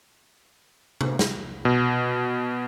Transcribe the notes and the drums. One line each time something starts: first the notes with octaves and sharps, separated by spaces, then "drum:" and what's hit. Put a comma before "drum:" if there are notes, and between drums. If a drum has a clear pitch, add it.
drum: tom C3
drum: snare
B2